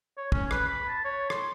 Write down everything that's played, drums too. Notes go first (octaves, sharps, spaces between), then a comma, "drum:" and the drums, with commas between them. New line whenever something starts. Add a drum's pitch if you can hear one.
C#5
C#4, drum: kick
B4, drum: rim click
B5
A5
C#5
C6, drum: rim click